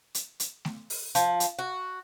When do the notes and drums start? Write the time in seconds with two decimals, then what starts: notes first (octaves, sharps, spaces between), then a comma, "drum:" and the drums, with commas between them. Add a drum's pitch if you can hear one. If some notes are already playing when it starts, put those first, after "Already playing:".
0.15 drum: hi-hat
0.40 drum: hi-hat
0.65 drum: snare A3
0.90 drum: open hi-hat
1.15 F3, drum: hi-hat
1.40 drum: hi-hat
1.59 F#4